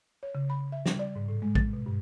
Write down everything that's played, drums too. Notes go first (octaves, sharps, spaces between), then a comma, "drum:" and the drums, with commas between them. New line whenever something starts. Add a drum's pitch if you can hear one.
C#5
C#3
B5
E5
G3, drum: snare
D5
G#2
A2
G#3
A6, drum: kick A1
B2
G2